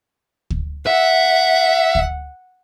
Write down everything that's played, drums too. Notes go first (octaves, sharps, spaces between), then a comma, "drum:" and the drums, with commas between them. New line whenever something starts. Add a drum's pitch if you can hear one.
drum: kick
E5 F#5
drum: kick